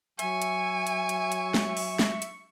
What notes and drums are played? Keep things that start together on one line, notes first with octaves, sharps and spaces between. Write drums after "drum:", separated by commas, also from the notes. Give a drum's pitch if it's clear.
F#3 E5 G#5 C#6, drum: hi-hat
drum: hi-hat
drum: hi-hat
drum: hi-hat
drum: hi-hat
drum: snare
drum: open hi-hat
drum: snare
drum: hi-hat